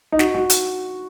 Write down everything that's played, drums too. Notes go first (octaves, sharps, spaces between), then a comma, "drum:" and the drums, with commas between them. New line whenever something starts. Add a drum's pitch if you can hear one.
D#4
F#4, drum: snare
F#4
drum: hi-hat